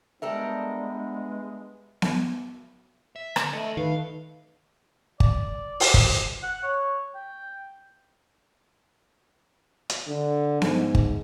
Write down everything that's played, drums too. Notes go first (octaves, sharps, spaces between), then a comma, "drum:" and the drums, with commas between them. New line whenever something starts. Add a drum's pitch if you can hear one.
G3 G#3 B3 D4 A4 A#4 E5
drum: snare B3
E5
D3, drum: rim click
E3 A3 D#5
D#3 B4 F5
D5, drum: kick G1
drum: open hi-hat
drum: kick G1
F#5
C#5
G5
drum: hi-hat
D3
G#2, drum: snare B3
drum: kick G1